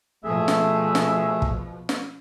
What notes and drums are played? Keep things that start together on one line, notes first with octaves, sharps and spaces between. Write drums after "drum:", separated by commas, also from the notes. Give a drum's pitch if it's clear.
B2 F3 A3 G#4 E5
drum: snare
drum: snare
drum: kick
drum: snare